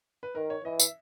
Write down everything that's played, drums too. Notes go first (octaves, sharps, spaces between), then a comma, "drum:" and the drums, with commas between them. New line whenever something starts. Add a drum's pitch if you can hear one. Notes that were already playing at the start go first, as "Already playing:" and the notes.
B4
D#3 A#4
C#5
E3 D#5
E5, drum: tambourine